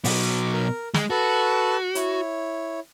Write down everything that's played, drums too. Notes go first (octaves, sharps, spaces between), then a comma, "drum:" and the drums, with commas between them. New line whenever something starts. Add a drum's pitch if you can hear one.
B2 F#3 D6, drum: open hi-hat
A#4
G#3, drum: snare
F#4 A4 B4 A5
E4 C#5, drum: hi-hat